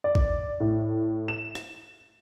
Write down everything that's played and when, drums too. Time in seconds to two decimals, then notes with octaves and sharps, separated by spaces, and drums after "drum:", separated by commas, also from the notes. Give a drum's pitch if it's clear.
0.04 D5
0.15 drum: kick
0.60 A2
1.28 E7
1.55 drum: rim click